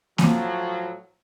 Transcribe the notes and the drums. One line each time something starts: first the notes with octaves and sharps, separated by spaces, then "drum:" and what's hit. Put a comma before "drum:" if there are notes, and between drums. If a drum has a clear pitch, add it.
A2 F3 F#3, drum: snare A#3